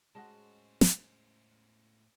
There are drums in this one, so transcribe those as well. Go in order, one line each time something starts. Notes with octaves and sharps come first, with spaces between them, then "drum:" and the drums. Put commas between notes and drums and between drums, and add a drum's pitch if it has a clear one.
A2 G#3 C#4 F#4 C5 D#5 A5
drum: snare